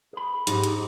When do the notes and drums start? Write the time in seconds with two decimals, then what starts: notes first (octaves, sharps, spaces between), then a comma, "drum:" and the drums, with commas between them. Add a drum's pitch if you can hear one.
0.13 G#4 B5
0.47 G#2 G4 D#5, drum: hi-hat
0.64 drum: hi-hat